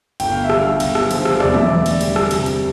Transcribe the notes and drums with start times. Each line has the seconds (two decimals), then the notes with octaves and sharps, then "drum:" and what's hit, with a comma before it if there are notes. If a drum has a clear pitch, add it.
0.20 G1 G5, drum: cymbal
0.32 F5
0.44 E5
0.50 G2, drum: rim click
0.57 F5
0.80 G1, drum: cymbal
0.95 drum: rim click
1.11 F3, drum: cymbal
1.25 drum: rim click
1.40 E1 D5, drum: rim click
1.54 E5, drum: tom
1.67 D2 D5
1.86 drum: cymbal
2.01 G3, drum: cymbal
2.16 drum: rim click
2.31 C3, drum: cymbal
2.46 drum: cymbal